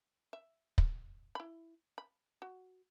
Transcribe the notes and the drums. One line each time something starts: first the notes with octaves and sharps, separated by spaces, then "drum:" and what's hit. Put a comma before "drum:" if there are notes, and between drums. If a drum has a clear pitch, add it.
E5
drum: kick
E4 B5
B5
F#4